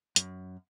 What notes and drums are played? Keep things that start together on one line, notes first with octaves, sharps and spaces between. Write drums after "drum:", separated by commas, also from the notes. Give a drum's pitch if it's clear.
F#2, drum: hi-hat